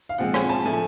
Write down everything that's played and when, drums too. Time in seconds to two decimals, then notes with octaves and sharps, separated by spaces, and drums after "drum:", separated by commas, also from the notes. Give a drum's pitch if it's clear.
0.09 F5
0.18 A#2 F3 G#3 C4 F#5
0.34 G#5, drum: rim click
0.49 A5
0.64 A2 F3 A3 G#5